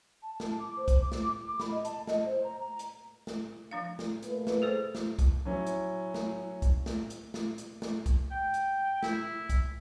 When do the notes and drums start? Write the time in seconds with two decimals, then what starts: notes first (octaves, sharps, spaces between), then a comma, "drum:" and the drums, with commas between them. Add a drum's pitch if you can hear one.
0.23 A5
0.40 drum: snare
0.60 D6
0.77 C5
0.88 drum: kick C2, hi-hat
1.01 D6
1.12 drum: snare
1.43 D6
1.60 B5, drum: snare
1.71 D#5
1.85 A5, drum: hi-hat
2.07 D#5, drum: snare
2.26 C5
2.44 A#5
2.61 A#5
2.79 drum: hi-hat
3.27 drum: snare
3.71 F3 D4 F5
3.99 drum: snare
4.23 A#2 A3 B4, drum: hi-hat
4.47 drum: snare
4.62 G#4 A4 C5
4.95 drum: snare
5.19 drum: kick C2, hi-hat
5.45 F#3 C#4 E4
5.66 drum: hi-hat
6.14 drum: snare
6.62 drum: kick C2, hi-hat
6.86 drum: snare
7.10 drum: hi-hat
7.34 drum: snare
7.58 drum: hi-hat
7.82 drum: snare
8.06 drum: kick C2, hi-hat
8.31 G5
8.54 drum: hi-hat
9.03 E4, drum: snare
9.49 drum: kick C2, hi-hat